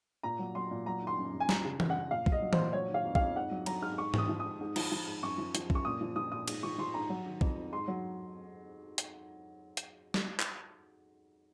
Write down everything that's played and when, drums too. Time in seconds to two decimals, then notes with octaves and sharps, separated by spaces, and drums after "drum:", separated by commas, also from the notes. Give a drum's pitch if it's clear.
0.23 A#2 A#5
0.39 F#3
0.55 F#3 C6
0.71 A#2
0.86 F#3 A#5
1.02 D#3
1.07 C6
1.18 F#2
1.33 F#2
1.40 G#5
1.49 F3 A#5, drum: snare
1.65 C#3
1.80 F#2, drum: tom E3
1.90 F#5
1.96 F#2
2.11 A#2 F5
2.26 F#3, drum: kick B1
2.32 D#5
2.42 F#3
2.53 A#2 C5, drum: tom E3
2.73 F#3 C#5
2.89 D#3
2.94 F5
3.05 F2
3.15 F5, drum: kick B1
3.21 F2
3.36 G#2 F#5
3.51 F#3
3.66 F#3 A#5, drum: cymbal
3.82 G#2 F6
3.98 G#2 C#6
4.14 F3 D#6, drum: tom
4.29 F3
4.40 D#6
4.45 G#2
4.61 G#2
4.76 F3, drum: cymbal
4.92 F3
5.07 G#2
5.23 F#2 C#6
5.38 F3
5.55 F3, drum: hi-hat
5.70 F#2, drum: kick B1
5.75 C#6
5.85 A#2 D#6
6.01 F3
6.16 F3 D#6
6.31 A#2 D#6
6.48 G#2, drum: cymbal
6.63 F3 C#6
6.78 F3 C6
6.94 G#2 A#5
7.10 F#3
7.26 D#3
7.41 F2, drum: kick B1
7.57 F2
7.72 G#2 C6
7.88 F#3
8.98 drum: hi-hat
9.77 drum: hi-hat
10.14 drum: snare
10.40 drum: clap